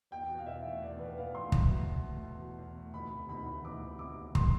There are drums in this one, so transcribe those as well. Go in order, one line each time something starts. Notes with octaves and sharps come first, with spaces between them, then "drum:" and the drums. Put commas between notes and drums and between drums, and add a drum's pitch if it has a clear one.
E2 G5
B2
F5
E2 E5
A3
E2 D5
B2 B4
E2 F5
A3 C6
E2, drum: kick
B2
E2
A3
E2
B2
E2
A3
D2 B5
C3
D2 B5
E3
D2 D6
C3
D2 D6
E3
C6, drum: kick